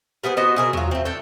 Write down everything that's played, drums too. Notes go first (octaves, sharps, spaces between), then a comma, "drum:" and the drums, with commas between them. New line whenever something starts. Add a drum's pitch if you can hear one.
G3 B3 G#4 C5
B3 F#4 C5 D#5
B2 G#4 A#4
F#3 F4, drum: tom D#2
A3 C4
D4 A4 G5